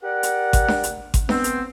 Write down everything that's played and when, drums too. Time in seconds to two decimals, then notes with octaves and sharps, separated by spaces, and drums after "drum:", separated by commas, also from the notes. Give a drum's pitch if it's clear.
0.04 G4 A#4 D5 F#5
0.23 drum: hi-hat
0.53 drum: kick G#1, hi-hat
0.68 drum: snare D4
0.83 drum: hi-hat
1.14 drum: kick G#1, hi-hat
1.29 B3 C4, drum: snare D4
1.44 drum: hi-hat